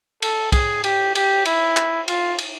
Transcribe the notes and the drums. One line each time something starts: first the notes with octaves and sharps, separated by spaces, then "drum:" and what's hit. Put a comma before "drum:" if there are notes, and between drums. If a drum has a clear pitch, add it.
A4, drum: cymbal
G#4, drum: kick, cymbal
G4, drum: cymbal
G4, drum: cymbal
E4, drum: cymbal
drum: clap
F4, drum: cymbal
drum: cymbal